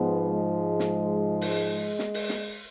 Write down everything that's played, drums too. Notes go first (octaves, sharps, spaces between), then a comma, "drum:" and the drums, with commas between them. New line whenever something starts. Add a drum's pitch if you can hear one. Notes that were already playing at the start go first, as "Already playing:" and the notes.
Already playing: G#2 F3 G#3 B3
G#3
drum: snare
drum: open hi-hat
drum: snare
drum: open hi-hat
drum: snare